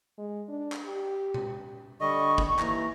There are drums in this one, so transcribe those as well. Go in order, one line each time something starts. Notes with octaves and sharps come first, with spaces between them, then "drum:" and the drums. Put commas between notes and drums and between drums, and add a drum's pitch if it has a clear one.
G#3
D4
drum: clap
G4
drum: tom B2
D3 G3 D#5 C#6
drum: kick F#1
D#2 E3 A#5, drum: clap